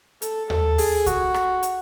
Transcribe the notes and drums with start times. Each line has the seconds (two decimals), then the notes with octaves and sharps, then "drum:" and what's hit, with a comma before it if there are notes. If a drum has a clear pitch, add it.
0.22 A4, drum: hi-hat
0.50 A4, drum: tom D#2
0.78 G#4, drum: open hi-hat
1.06 F#4, drum: kick C2, hi-hat
1.34 drum: rim click
1.63 drum: hi-hat